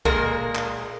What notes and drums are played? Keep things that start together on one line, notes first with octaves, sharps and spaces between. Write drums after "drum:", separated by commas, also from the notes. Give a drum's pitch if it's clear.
A#2 G#3 A#3 A#4, drum: kick
drum: clap